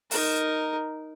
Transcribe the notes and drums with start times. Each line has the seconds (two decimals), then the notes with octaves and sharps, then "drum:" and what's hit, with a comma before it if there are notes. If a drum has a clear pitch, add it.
0.11 D#4 A#4, drum: open hi-hat